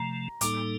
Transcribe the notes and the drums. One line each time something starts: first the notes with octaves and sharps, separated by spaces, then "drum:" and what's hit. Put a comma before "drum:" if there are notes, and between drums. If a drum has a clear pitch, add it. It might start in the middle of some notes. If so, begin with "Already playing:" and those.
Already playing: C3 F3 A3 A#5
A2 G3 A#3 D#4 A4 D6, drum: hi-hat